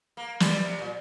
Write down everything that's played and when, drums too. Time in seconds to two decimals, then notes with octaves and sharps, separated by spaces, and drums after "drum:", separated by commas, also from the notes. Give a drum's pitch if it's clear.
0.17 A#3
0.40 G3, drum: snare
0.63 C3
0.79 A#2